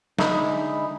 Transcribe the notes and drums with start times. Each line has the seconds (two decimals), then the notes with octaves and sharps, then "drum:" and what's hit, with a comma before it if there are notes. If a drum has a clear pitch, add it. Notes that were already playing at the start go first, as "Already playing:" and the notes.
0.19 D3 G#3 D#4 E4, drum: snare